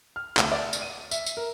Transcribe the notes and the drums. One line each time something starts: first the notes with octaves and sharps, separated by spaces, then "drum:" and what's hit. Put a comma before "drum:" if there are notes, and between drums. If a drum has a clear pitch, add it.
F6
D2, drum: clap
D5
drum: tambourine
D#7
E5, drum: tambourine
drum: tambourine
A#4